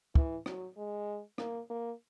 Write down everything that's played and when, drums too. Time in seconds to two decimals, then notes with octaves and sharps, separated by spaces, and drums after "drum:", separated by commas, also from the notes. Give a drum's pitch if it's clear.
0.15 E3, drum: kick
0.46 F#3, drum: rim click
0.77 G#3
1.38 A#3, drum: rim click
1.70 A#3